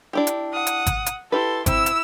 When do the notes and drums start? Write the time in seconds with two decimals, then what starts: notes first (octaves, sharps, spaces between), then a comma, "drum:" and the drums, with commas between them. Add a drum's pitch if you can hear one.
0.13 D4 E4 G4
0.27 drum: hi-hat
0.53 F#5 D#6
0.67 drum: hi-hat
0.86 drum: kick G#1, hi-hat
1.06 drum: hi-hat
1.32 E4 G4 A4 B4 C6
1.66 C4 E4 E6, drum: kick G#1, hi-hat
1.86 drum: hi-hat